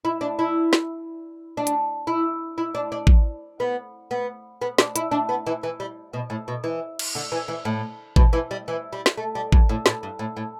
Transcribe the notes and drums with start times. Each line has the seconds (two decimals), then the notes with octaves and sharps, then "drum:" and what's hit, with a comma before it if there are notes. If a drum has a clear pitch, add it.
0.05 E4
0.21 D4
0.39 E4
0.73 drum: snare
1.57 D4
1.67 drum: hi-hat
2.07 E4
2.58 E4
2.75 D4
2.92 D4
3.07 drum: kick
3.60 B3
4.11 B3
4.61 B3
4.78 D4, drum: snare
4.96 E4, drum: hi-hat
5.11 D4
5.29 B3
5.46 E3
5.63 E3
5.80 G3
6.13 B2
6.30 A2
6.48 B2
6.64 E3
6.99 drum: cymbal
7.15 D3
7.32 E3
7.48 E3
7.65 A2
8.16 B2, drum: kick
8.33 E3
8.51 G3
8.68 E3
8.93 G3
9.06 drum: snare
9.17 A3
9.35 G3
9.52 G2, drum: kick
9.69 A2
9.86 A2, drum: snare
10.03 G2
10.19 A2
10.37 A2